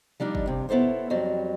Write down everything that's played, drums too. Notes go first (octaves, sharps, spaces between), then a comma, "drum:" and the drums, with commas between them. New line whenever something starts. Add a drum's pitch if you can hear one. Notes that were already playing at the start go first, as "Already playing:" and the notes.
F3 G3 D4 D#4
drum: kick
G2 C3
B3 E4 A4 C5 C#5
F2 F#3 G3